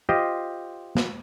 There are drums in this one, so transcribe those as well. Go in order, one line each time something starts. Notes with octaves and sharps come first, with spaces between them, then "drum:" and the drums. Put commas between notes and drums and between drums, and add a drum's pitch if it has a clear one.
F4 G4 C5 D#5
drum: snare